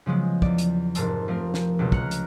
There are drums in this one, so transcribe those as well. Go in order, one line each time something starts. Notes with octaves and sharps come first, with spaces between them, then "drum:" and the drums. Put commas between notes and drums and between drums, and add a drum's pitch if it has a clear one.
C#3 F3 F#3 G#3 B3
E2 D5, drum: kick
drum: hi-hat
F1 G#2 A#4 C5 A5 E6, drum: hi-hat
F3 A3 C4 A#4
drum: snare
C#2 B2 F3 F#3
A#5 F6 F#6 C#7, drum: kick
drum: hi-hat